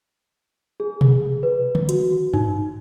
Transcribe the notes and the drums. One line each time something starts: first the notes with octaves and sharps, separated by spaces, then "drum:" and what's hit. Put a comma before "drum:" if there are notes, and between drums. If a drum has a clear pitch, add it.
G#4
drum: tom B2
B4
drum: tom
F#4, drum: hi-hat
D#4, drum: tom G2